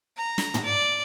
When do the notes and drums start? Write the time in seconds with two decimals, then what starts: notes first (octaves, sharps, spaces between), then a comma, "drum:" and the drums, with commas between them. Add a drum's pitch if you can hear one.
0.17 A#5
0.38 drum: snare
0.54 drum: tom
0.64 D5